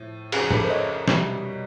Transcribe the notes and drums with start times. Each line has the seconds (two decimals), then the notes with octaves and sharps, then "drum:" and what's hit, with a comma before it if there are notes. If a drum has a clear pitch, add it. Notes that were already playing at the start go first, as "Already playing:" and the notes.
Already playing: A2 F3
0.32 F2 C#3 F3 F#4 G#4, drum: cymbal
0.51 A4 B4, drum: tom
0.60 A#4 C5
0.70 C#5 D#5
1.08 C2 B2 G3, drum: snare